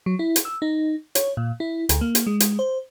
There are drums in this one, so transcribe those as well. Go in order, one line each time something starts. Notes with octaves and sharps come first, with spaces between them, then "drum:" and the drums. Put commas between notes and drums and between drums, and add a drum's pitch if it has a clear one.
F#3
E4
drum: hi-hat
E6
D#4
C#5, drum: hi-hat
A#2
E4
D2, drum: hi-hat
A#3
drum: hi-hat
G#3
drum: hi-hat
C5